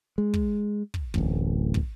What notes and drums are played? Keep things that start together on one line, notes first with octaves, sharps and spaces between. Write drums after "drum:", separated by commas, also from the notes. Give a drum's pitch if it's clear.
G#3
drum: kick
drum: kick
D1 A1, drum: kick
drum: kick